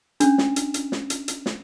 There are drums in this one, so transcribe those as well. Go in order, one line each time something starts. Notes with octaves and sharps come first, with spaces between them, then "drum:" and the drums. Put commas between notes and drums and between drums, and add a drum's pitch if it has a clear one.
C#4 D4, drum: hi-hat
drum: snare
drum: hi-hat
drum: hi-hat
drum: snare
drum: hi-hat
drum: hi-hat
drum: snare